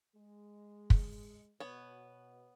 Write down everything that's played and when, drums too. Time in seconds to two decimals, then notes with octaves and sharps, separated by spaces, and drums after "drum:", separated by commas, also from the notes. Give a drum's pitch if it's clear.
0.16 G#3
0.90 drum: kick
1.60 B2 B3 C#5